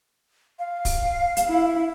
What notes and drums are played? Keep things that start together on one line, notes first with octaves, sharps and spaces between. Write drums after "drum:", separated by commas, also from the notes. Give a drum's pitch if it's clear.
F5
drum: kick, open hi-hat
drum: hi-hat
E4